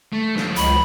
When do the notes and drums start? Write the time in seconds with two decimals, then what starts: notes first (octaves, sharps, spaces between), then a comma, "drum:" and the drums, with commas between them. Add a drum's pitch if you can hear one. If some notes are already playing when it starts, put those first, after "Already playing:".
0.13 A3
0.36 F3 F#3, drum: snare
0.56 C#2 B5, drum: hi-hat